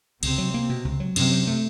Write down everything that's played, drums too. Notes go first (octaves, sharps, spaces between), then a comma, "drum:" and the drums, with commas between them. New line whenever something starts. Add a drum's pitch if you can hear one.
C#2 C3 C4, drum: cymbal
F#3
A#3
B2
C#2
F#3
F#2 C3 C4, drum: cymbal
F#3
A3